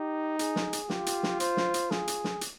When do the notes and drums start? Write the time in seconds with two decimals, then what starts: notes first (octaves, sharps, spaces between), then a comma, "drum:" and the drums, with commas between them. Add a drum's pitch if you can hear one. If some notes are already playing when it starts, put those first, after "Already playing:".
Already playing: D#4 G4
0.39 G#4, drum: hi-hat
0.56 drum: snare
0.73 drum: hi-hat
0.90 F4 G4, drum: snare
1.06 drum: hi-hat
1.23 drum: snare
1.40 C5, drum: hi-hat
1.57 drum: snare
1.74 drum: hi-hat
1.91 G#4, drum: snare
2.08 drum: hi-hat
2.24 drum: snare
2.41 drum: hi-hat